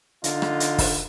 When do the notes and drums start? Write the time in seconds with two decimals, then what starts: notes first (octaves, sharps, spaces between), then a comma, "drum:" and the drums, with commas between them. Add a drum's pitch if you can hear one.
0.24 D3 D#4 F4, drum: hi-hat
0.42 drum: rim click
0.60 drum: hi-hat
0.78 drum: kick, open hi-hat